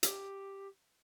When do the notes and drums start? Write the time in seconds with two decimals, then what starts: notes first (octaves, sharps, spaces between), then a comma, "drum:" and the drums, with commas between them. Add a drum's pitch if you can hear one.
0.03 G4, drum: hi-hat